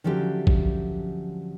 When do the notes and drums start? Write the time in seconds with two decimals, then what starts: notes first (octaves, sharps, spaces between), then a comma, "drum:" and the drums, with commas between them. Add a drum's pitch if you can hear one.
0.04 D3 F3 F#3 C#4 G4 E5
0.47 drum: kick